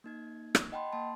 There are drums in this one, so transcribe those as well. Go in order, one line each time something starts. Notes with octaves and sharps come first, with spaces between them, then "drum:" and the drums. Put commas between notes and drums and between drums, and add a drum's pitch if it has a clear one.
A#3 D#4 G#6
drum: rim click
D#5 F#5 G5 A5 B5 C6
A#3 A5 C6